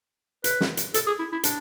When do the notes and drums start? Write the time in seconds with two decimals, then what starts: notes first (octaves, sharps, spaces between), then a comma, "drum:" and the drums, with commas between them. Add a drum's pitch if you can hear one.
0.44 B4, drum: hi-hat
0.61 drum: snare
0.77 drum: hi-hat
0.94 A4, drum: hi-hat
1.07 G#4
1.19 E4
1.32 E4
1.44 D4, drum: hi-hat